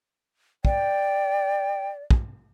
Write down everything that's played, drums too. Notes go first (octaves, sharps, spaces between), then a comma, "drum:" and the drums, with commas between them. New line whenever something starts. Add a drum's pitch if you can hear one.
D5 G5, drum: kick
drum: kick